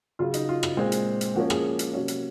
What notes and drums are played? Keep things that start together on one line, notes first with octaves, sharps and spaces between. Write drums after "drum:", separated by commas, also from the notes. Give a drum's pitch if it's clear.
C#3 F#3 C#4 F4
D#4, drum: hi-hat
F4
drum: rim click
A#2 G#3 C4
drum: hi-hat
drum: hi-hat
F3 A#3 C#4 F#4
G#4, drum: rim click
drum: hi-hat
C3 F#3 A#3 C#4
drum: hi-hat